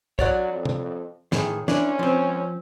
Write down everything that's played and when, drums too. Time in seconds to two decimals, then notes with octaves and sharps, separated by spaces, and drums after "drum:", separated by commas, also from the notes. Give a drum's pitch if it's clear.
0.19 F#3 C#5 D5 F#5, drum: kick
0.54 F2
0.65 drum: tom
1.32 A2 D#3 G#4, drum: snare
1.68 C#4 D4 E4, drum: snare
1.99 F3 C4